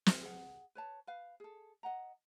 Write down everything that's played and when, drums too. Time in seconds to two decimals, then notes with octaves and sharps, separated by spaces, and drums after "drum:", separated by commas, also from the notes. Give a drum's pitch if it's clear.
0.06 drum: snare
0.22 G#4 F#5
0.75 B4 C#5 A5
1.07 B4 F5
1.40 G#4 A4
1.83 D#5 F#5 A#5